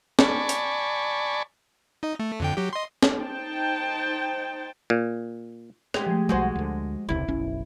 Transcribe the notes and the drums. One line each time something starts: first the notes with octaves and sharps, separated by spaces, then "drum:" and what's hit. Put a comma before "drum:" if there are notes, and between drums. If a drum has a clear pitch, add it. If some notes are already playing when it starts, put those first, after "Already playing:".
D5 G#5 A5 B5 C#6, drum: snare
drum: hi-hat
D#4 D#5
A3
F2 D3 G5
F#3 G4
D#5 C6
drum: snare
D#4 C5 G5 A5
A#2
G#3 G4, drum: rim click
F3 A3
B1 G3 G#3 F#4 C5 G#5
D2 D3
E1 C#2 C3 E4
F#1 B1 C#4